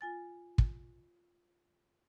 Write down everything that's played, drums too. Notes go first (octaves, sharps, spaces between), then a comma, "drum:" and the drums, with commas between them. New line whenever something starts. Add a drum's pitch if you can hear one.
F4 G#5 A6
drum: kick